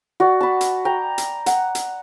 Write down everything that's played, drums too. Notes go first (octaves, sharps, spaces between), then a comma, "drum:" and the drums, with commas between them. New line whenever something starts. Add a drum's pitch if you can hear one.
F#4 D5
A5 B5
drum: hi-hat
G5 A#5
drum: hi-hat
F#5, drum: hi-hat
drum: hi-hat